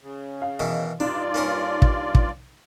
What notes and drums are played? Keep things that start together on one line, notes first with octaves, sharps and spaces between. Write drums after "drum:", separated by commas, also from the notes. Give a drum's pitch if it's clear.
C#3
F5
B2 D#3 E3
G2 D4 D#4 F4 D5
A#3 C#4 A#4
drum: kick
drum: kick